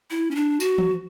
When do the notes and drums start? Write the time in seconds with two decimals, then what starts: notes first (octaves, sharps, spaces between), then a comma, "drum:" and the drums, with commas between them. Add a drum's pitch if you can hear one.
0.10 E4
0.31 C#4
0.35 D4
0.60 F#4, drum: tambourine
0.78 drum: tom E3